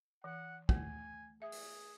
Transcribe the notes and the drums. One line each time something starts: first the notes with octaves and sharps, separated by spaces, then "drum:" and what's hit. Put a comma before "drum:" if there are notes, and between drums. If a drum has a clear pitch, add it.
E3 F#5
A3 G#5, drum: kick
G#4 E5
drum: open hi-hat